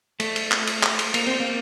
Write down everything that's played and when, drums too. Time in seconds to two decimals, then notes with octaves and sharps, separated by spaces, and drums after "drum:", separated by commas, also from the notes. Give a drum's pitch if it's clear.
0.20 A3, drum: cymbal
0.36 drum: cymbal
0.52 drum: clap
0.67 drum: cymbal
0.83 drum: clap
0.99 drum: cymbal
1.14 A#3, drum: cymbal
1.27 C4
1.40 A#3